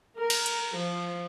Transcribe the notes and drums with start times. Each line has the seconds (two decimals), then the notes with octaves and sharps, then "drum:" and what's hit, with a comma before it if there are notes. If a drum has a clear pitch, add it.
0.18 A#4
0.30 drum: cymbal
0.46 drum: hi-hat
0.75 F3